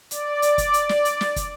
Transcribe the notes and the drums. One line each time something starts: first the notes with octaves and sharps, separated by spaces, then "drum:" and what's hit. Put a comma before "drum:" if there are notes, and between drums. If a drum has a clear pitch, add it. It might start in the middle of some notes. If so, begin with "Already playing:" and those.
D5, drum: hi-hat
drum: hi-hat
drum: kick, hi-hat
drum: hi-hat
drum: snare
drum: hi-hat
drum: snare
drum: kick, hi-hat